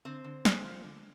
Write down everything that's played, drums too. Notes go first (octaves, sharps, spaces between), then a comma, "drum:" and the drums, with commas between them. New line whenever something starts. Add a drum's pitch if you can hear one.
D3 C4 C5
D3
G#3, drum: snare
F3
D3